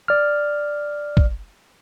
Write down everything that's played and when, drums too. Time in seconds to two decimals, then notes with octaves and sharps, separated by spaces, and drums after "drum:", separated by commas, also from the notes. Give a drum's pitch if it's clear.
0.08 D5 F6
1.17 drum: kick